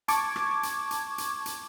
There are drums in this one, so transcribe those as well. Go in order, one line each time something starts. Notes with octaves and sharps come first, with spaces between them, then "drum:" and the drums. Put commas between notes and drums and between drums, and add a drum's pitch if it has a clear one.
A5 C#6 D6 G#6, drum: hi-hat
drum: rim click
drum: hi-hat
drum: hi-hat
drum: hi-hat
drum: hi-hat